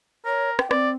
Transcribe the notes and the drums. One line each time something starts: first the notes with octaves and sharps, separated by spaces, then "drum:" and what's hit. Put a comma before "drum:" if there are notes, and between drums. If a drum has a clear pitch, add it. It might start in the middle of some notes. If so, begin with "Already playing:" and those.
A#4 C#5
G5, drum: rim click
C4 D5, drum: rim click